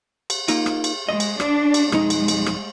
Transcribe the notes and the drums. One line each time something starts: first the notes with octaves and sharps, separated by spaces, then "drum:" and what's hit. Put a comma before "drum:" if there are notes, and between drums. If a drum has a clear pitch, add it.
drum: cymbal
A#3 D#4 F4, drum: cymbal
drum: rim click
drum: cymbal
G#3 D#5
drum: cymbal
D4, drum: rim click
drum: cymbal
B1 F2 G#3 D#4, drum: rim click
drum: cymbal
drum: cymbal
drum: rim click